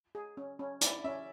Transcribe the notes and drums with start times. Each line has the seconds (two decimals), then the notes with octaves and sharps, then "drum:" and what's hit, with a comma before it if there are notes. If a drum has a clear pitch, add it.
0.15 G#4
0.37 C#4
0.59 C#4
0.81 E4 D5, drum: hi-hat
1.04 C#4 E5